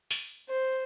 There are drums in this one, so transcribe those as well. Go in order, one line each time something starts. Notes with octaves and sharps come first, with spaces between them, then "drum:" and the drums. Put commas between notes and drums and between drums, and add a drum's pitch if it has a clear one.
drum: open hi-hat
C5